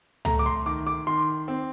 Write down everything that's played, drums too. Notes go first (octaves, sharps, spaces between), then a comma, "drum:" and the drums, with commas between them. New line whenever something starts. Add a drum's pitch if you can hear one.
A3 A#5, drum: tom C#2
D6
C6
D#3 D6
D6
D#3 C6
C4